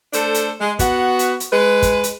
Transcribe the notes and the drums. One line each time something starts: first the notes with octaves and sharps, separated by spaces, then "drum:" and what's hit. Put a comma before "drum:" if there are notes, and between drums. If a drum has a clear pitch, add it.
A3 D4 A4 C5, drum: hi-hat
drum: hi-hat
G#3
B3 F#4, drum: kick, hi-hat
drum: hi-hat
drum: hi-hat
G#3 B4
drum: kick, hi-hat
drum: hi-hat